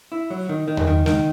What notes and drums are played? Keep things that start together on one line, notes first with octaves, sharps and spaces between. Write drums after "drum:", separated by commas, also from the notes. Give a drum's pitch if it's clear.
E4
F#3
D#3
D#3
drum: tom E2
D#3
D#3, drum: snare G#3